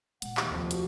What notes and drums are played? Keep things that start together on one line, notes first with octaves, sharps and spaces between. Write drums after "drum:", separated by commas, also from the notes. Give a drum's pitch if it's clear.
A#2 G#3 F#5, drum: hi-hat
D#2 G4, drum: clap
F1 D#2 F3 C4
F#4, drum: hi-hat